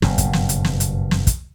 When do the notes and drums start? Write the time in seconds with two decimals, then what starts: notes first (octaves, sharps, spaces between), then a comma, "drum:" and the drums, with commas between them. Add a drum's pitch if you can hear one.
0.02 F#1 G2 B2, drum: snare
0.18 drum: kick, hi-hat
0.33 drum: snare
0.49 drum: hi-hat
0.64 drum: snare
0.80 drum: hi-hat
1.11 drum: snare
1.27 drum: kick, hi-hat